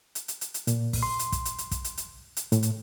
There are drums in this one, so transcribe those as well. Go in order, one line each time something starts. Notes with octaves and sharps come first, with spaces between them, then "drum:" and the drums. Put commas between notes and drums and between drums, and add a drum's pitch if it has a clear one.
drum: hi-hat
drum: hi-hat
drum: hi-hat
drum: hi-hat
A#2, drum: hi-hat
drum: kick, open hi-hat
C6
drum: hi-hat
drum: kick, hi-hat
drum: hi-hat
drum: hi-hat
drum: kick, hi-hat
drum: hi-hat
drum: hi-hat
drum: hi-hat
A2, drum: hi-hat
drum: hi-hat